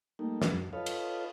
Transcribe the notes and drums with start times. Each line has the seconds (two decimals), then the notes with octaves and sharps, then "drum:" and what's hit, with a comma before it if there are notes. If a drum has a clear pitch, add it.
0.19 G3 A3 A#3 D#4
0.42 drum: snare
0.53 F#2
0.73 F4 A4 B4 C#5 D#5 F5
0.86 drum: cymbal